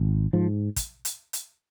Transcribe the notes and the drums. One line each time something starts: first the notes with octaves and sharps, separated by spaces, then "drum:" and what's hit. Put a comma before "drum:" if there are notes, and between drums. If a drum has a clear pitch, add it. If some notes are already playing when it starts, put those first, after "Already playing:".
Already playing: G#1
G#2 F3
drum: kick, hi-hat
drum: hi-hat
drum: hi-hat